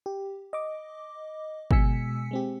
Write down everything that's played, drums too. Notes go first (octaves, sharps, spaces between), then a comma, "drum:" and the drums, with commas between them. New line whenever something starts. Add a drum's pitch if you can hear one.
G4
D#5 D6
B2 G#3 G#5 E6 B6 C#7, drum: kick G1
G#3 C4 G4